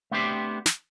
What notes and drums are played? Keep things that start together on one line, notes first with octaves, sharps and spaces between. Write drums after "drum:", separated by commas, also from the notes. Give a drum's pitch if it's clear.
A3 B3 C4 D4 G4 C5
drum: snare